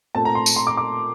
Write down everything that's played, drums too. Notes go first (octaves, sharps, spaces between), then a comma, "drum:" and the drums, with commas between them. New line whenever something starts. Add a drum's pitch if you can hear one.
A#2 A3 C4 A5
A#5
C6
drum: tambourine
C6
D6
D6